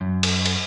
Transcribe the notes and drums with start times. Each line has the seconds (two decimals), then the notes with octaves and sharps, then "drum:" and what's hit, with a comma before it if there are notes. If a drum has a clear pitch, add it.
0.01 F#2
0.23 drum: cymbal
0.46 drum: cymbal